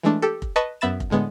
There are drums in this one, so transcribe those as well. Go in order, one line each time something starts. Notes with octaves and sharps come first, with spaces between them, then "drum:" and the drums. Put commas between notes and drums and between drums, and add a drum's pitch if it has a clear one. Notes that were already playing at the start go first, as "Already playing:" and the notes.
E3 G#3 A3 D4
G4 A4
drum: kick F1
B4 D#5 A5 B5 C#6
F#2 B3 E5 B5 A6 E7
drum: kick F1
A2 D3 G#3 B3